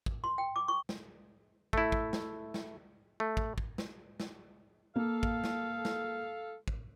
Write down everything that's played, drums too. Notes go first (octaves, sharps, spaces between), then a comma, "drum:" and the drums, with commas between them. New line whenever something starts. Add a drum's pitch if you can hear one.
drum: kick
C6
G5
D6
C#6
drum: snare
A3 E4, drum: kick
drum: kick
drum: snare
drum: snare
A3
drum: kick
drum: kick
drum: snare
drum: snare
A#3 A4 F5
drum: kick
drum: snare
drum: snare
drum: kick